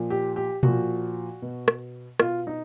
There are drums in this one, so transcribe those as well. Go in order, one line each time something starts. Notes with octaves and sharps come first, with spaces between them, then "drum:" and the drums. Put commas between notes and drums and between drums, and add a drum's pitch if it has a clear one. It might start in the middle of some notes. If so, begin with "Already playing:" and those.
Already playing: A#2 F3
G4
G4
A#2 F3 F#4, drum: tom B2
B2
drum: rim click
B2 F4, drum: rim click
D#4